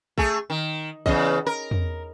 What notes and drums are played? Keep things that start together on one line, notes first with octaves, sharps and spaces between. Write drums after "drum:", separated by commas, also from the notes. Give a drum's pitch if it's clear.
A3 G#4, drum: kick
D#3
E2 C#3 D#5, drum: kick
A#4
drum: tom E2